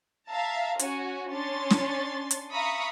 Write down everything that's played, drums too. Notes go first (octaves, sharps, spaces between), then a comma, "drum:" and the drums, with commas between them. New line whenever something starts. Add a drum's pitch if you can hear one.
E5 F5 A5 A#5
C#4 F#4 G#5, drum: hi-hat
C#4 D4 C6 A6
drum: snare
drum: hi-hat
E5 F5 A#5 B5 C#6 D#6